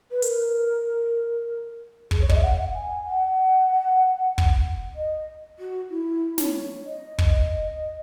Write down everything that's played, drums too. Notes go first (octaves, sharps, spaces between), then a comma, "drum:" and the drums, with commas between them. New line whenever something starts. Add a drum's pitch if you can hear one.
B4
A#4, drum: hi-hat
G#4, drum: kick
C#5
D#5, drum: kick
E5
F#5
G#5
F#5
drum: kick
D#5
F#4
E4
C#5, drum: snare
D#5
drum: kick